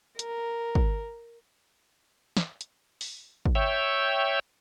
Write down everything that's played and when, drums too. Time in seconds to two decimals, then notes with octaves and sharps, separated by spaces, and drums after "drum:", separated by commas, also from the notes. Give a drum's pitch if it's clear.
0.19 A#4, drum: hi-hat
0.75 drum: kick
2.37 drum: snare
2.61 drum: hi-hat
3.01 drum: open hi-hat
3.45 drum: kick
3.55 C#5 E5 G5